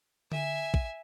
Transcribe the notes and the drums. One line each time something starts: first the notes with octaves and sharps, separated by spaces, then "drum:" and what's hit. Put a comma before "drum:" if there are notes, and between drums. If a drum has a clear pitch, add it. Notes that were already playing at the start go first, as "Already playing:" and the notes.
E5 G#5, drum: tom D3
drum: kick